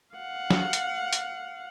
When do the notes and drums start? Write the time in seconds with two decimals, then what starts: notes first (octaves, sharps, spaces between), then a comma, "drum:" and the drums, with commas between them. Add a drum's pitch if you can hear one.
0.16 F5 F#5
0.50 drum: snare
0.73 drum: hi-hat
1.13 drum: hi-hat